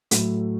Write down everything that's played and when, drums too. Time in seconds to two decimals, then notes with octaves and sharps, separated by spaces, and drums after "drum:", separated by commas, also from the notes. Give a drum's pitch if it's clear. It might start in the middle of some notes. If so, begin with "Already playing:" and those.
0.11 A2 F#3 A3, drum: hi-hat